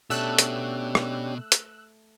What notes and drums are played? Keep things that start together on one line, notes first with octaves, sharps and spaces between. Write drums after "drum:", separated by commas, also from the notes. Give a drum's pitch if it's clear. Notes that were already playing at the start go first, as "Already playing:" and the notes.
B2 A3 C#4 D4 G4 E6 F#6
drum: hi-hat
drum: rim click
drum: hi-hat